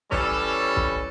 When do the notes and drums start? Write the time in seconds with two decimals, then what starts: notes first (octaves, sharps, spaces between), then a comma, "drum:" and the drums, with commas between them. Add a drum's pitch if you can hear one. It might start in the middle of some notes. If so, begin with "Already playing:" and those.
0.12 E3 G3 C#4 A4, drum: kick
0.76 drum: kick